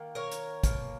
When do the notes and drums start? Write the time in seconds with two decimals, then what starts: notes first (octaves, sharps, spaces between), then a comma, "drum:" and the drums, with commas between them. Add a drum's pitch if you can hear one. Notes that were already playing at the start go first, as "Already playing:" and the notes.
Already playing: D#3 A#3
0.15 A#4 C#5
0.31 drum: hi-hat
0.63 B2 A#3, drum: kick, hi-hat